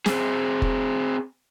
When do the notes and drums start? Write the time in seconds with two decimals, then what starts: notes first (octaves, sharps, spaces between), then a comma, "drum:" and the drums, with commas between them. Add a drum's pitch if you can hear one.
0.06 C4 G#4, drum: snare
0.62 drum: kick